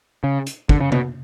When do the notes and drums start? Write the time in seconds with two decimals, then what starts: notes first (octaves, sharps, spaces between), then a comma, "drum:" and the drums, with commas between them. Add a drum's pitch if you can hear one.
0.24 C#3
0.46 drum: hi-hat
0.69 D3, drum: kick
0.80 C#3
0.92 B2, drum: tom C3